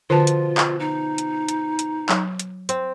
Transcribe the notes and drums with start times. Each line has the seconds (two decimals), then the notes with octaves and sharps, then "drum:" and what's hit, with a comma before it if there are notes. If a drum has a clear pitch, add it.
0.10 B2 D3 F3 F4 B4 A5
0.27 drum: hi-hat
0.58 drum: clap
0.80 D#4
1.18 drum: hi-hat
1.49 drum: hi-hat
1.79 drum: hi-hat
2.09 F#3, drum: clap
2.40 drum: hi-hat
2.69 C4, drum: hi-hat